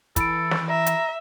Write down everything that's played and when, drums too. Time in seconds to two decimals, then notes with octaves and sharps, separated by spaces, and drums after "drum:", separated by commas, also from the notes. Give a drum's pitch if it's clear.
0.16 E3 A4 B5 D7, drum: kick, hi-hat
0.51 drum: snare
0.69 E5 A#5
0.86 drum: hi-hat